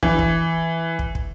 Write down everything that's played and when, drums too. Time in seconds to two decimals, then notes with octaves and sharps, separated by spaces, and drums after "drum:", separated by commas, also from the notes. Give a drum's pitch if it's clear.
0.03 E3, drum: kick
0.19 drum: kick
0.99 drum: kick
1.15 drum: kick